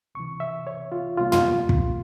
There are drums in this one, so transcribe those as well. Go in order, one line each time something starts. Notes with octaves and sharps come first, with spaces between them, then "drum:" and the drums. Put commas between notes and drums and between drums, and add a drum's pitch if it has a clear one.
C#2 C3 E3 C#6
E5
C#5
F4
C2 C3 G3 A#3 F4
F4, drum: tom
drum: kick